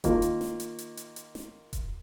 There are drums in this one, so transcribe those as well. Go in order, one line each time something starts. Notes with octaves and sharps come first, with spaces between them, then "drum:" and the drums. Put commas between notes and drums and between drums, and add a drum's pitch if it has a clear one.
D#3 A#3 F4, drum: kick D#1, hi-hat
drum: hi-hat
drum: snare
drum: hi-hat
drum: hi-hat
drum: hi-hat
drum: hi-hat
drum: snare
drum: kick D#1, hi-hat